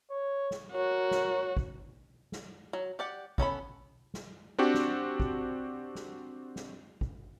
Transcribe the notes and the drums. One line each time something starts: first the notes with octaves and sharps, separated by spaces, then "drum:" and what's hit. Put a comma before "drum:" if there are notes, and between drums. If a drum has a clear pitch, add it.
C#5
drum: snare
F#4 A#4 C#5
drum: snare
drum: kick
drum: snare
F#3
G4 D5 F#5
B3 C#4 A4 B5, drum: kick
drum: snare
C4 D4 F#4 G4
drum: snare
drum: kick
drum: snare
drum: snare
drum: kick